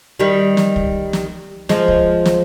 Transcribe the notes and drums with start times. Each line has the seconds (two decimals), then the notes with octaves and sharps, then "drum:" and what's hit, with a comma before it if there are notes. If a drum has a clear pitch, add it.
0.20 D#3 G3
0.57 drum: snare
0.76 drum: kick
1.13 drum: snare
1.69 F3 G#3, drum: snare
1.88 drum: kick
2.26 drum: snare